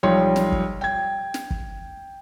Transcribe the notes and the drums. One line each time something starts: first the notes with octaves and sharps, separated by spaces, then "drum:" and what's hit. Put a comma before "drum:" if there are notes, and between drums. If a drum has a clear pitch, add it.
B1 F3 G3 C#5 G5 C6
drum: snare
drum: kick
G5 G#6
drum: snare
drum: kick